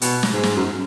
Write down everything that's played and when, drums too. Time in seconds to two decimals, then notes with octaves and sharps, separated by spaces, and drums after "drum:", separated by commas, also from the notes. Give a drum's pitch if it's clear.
0.02 B2, drum: hi-hat
0.23 drum: snare
0.33 G#2
0.43 drum: snare
0.57 F#2